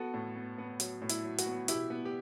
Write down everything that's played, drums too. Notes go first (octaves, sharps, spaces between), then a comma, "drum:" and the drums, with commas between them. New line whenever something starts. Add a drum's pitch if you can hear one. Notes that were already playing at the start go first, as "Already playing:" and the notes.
Already playing: B3 F#4 A4
A2
B3
B3
F#3, drum: hi-hat
A2
E4, drum: hi-hat
F#3
F#4, drum: hi-hat
B3
B2 E4 G4, drum: hi-hat
B3
G4